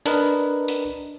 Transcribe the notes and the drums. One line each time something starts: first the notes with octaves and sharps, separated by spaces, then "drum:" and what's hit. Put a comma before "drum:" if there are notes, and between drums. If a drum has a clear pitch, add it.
D4 A#4 B4 D#5, drum: hi-hat
drum: hi-hat